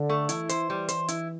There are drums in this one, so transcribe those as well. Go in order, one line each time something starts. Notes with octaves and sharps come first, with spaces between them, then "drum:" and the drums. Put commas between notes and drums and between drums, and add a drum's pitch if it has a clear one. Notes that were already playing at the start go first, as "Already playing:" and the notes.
Already playing: D3
A3
E3 E4, drum: hi-hat
C5, drum: hi-hat
G3
C5, drum: hi-hat
E4, drum: hi-hat